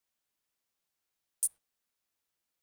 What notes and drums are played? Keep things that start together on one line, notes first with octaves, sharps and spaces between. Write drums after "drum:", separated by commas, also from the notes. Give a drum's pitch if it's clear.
C#5 F6 G#6 C7
drum: hi-hat